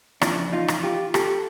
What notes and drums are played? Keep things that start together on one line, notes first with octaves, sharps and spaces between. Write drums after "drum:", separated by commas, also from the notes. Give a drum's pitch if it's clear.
E2 C#3 F3 A#3 D4 E4, drum: rim click
D#4 F4
drum: rim click
F4 G4
G4 A4, drum: rim click